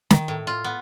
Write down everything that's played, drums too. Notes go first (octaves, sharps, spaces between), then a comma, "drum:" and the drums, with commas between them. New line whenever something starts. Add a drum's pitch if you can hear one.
D#3, drum: snare
A2
F4
B3